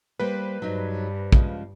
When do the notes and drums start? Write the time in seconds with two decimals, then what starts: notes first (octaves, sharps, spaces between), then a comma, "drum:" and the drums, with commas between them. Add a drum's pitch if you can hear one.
0.20 G3 A#3 B4 C5
0.62 G2 F#3 D#4
1.32 C#3 F3 G#3, drum: kick